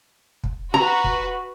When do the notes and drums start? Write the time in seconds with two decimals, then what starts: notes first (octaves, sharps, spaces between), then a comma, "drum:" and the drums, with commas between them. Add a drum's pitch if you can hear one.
0.44 drum: kick
0.74 F#4 B4 A#5
1.04 drum: kick